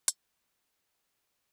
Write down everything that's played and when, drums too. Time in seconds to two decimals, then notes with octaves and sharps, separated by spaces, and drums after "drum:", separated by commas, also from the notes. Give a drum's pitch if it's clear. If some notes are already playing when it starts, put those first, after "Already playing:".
0.08 F#4, drum: hi-hat
0.87 G#4
0.98 F#4
1.10 G#4